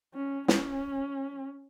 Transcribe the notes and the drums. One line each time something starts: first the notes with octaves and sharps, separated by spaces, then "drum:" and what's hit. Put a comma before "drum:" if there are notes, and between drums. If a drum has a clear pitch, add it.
C#4
C#4, drum: snare